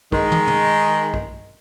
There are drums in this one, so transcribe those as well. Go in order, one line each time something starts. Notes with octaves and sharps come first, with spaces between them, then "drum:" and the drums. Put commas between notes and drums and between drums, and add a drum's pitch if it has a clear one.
D#3 G#3, drum: kick
drum: tom
drum: tom
drum: kick